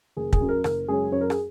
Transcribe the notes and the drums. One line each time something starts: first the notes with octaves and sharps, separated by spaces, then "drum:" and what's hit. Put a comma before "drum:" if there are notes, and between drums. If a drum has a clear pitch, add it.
F#1 G#4
G#4, drum: kick
F#2 F#3
A#4
F#1 A#4, drum: rim click
F#2 C#3 G#3 C#4 G#4
F#2 C#5
A#4
G#4, drum: rim click